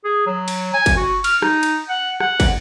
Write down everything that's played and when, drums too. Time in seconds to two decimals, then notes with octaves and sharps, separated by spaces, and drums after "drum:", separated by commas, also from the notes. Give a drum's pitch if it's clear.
0.04 G#4
0.26 F#3
0.48 drum: cymbal
0.74 G#5
0.86 drum: kick, cymbal
0.97 F#4
1.24 F6, drum: cymbal
1.42 D#4, drum: rim click
1.63 drum: cymbal
1.89 F#5
2.20 F#5, drum: rim click
2.40 drum: kick, cymbal